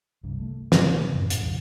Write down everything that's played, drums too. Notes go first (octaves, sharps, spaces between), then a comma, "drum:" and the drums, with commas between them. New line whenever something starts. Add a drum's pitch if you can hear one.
G1 C2 G2
A3
G1 A#2, drum: snare
C#3 A3 B3
F#2 A2
drum: hi-hat
B1 F2 G#2 C#3